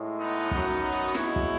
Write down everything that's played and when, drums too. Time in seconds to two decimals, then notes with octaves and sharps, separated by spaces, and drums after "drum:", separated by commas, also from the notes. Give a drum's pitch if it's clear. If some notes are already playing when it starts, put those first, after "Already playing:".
Already playing: A2 G#3
0.19 B3 D#4
0.51 F#2 D#3 F#3, drum: kick
1.15 B2 G#3 C#4 E4, drum: snare
1.36 drum: kick